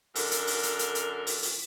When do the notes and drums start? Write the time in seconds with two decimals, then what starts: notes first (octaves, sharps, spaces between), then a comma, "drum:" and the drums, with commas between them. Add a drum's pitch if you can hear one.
0.15 F#2 D3 A4 A#4, drum: open hi-hat
0.31 drum: hi-hat
0.47 drum: open hi-hat
0.63 drum: hi-hat
0.79 drum: hi-hat
0.95 drum: hi-hat
1.27 drum: open hi-hat
1.43 drum: open hi-hat